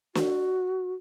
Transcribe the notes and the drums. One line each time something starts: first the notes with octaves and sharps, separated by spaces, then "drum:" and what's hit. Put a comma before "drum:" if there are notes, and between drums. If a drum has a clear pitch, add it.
F#4, drum: snare